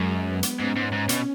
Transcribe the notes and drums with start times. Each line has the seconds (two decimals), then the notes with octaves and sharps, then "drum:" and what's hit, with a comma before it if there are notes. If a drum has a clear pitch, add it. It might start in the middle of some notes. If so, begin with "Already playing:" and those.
Already playing: F#2 F#3 G#3
0.26 B3
0.43 drum: hi-hat
0.59 G#2 C#4
0.76 G#2
0.92 G#2 C#4
1.09 B2, drum: hi-hat